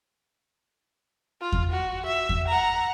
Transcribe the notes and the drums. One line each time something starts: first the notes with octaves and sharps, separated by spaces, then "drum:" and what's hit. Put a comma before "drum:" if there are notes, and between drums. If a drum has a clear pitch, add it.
F4
drum: kick E2
F#4
E5
drum: kick E2
F#5 A#5